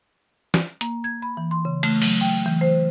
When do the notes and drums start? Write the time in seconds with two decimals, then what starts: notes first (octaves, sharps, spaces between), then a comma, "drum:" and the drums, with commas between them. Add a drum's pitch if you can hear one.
0.54 drum: snare
0.81 A#3, drum: hi-hat
1.04 G#6
1.22 B5
1.37 E3
1.51 C6
1.65 C#3
1.83 A3, drum: cymbal
2.02 F#3, drum: open hi-hat
2.21 G5
2.46 E3
2.61 C5